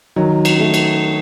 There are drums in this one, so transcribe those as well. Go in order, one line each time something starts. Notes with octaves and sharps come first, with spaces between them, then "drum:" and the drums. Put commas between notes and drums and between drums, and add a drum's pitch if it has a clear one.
D#3 F#3
drum: cymbal
A3
drum: cymbal